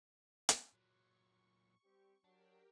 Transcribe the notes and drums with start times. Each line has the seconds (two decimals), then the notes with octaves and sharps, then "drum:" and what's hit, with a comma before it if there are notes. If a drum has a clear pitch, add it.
0.49 drum: hi-hat
0.73 A#2 F#3 C#6
1.84 G3 C4 G4
2.24 F#3 D4 G4 A#4 G5